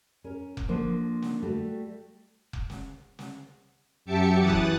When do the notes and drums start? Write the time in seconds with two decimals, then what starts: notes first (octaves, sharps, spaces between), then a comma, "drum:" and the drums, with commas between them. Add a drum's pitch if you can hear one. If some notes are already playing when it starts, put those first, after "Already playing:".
0.24 C#4 A#4
0.57 drum: kick F1
0.68 D3 F3 A#3 C5
1.22 drum: snare
1.42 G3 A3 F#4
2.53 drum: kick F1
2.70 drum: snare
3.19 drum: snare
4.05 F#2 G4 E5 A5 D6 C#7
4.40 E3 D#6 F#6 A6
4.50 drum: kick F1